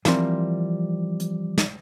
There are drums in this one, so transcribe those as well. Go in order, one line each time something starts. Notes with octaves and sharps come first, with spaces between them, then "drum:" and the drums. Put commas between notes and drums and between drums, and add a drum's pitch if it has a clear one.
E3 F3 G3 C4 A#4, drum: snare
drum: hi-hat
drum: snare